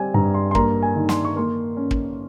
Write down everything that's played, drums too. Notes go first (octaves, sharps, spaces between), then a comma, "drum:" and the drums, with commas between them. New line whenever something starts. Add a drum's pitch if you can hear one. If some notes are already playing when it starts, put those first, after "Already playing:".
Already playing: G3 C4 G#5
G2 A#5
C6
C6
A#3 A#5, drum: kick
G#5
D#3
C6, drum: snare
C#6
A#3 C6
C#4
drum: kick